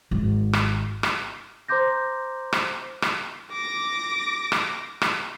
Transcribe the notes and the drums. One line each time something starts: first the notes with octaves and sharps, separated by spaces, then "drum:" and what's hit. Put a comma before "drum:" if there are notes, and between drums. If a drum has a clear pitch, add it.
G#1
drum: rim click
drum: rim click
C5 A#5 C6 D6 G6 A#6
drum: rim click
drum: rim click
D6 A#6
drum: rim click
drum: rim click